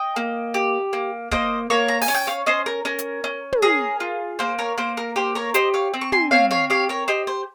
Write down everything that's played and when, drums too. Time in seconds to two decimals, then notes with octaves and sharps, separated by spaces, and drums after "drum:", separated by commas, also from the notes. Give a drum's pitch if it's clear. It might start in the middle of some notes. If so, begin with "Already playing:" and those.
Already playing: D#5 G5
0.16 A#3
0.54 G4
0.93 A#3
1.31 A#3 C5 D#5, drum: kick
1.70 A#3 A#4 C#5
1.88 A#5
2.01 G#5, drum: open hi-hat
2.08 C#4
2.14 G5
2.27 C#5 F5
2.46 C#4 C5 D#5
2.66 A#4
2.85 C#4 A#4
2.99 drum: hi-hat
3.24 C#4
3.52 drum: tom
3.62 G#4 A#4
4.00 F4
4.39 A#3 C5
4.59 A#4 C#5
4.78 A#3 C5
4.97 A#4
5.16 G4 C5
5.35 A#4 C#5
5.54 G4 C5 D#5, drum: hi-hat
5.74 C#5 F5
5.94 C4
6.01 C#6
6.12 G#5 C6, drum: tom
6.31 C4 C#5 F5
6.51 C#5 F5
6.70 G4 C#5 F5
6.89 A#4 C#5
7.08 G4 C5 D#5
7.27 C5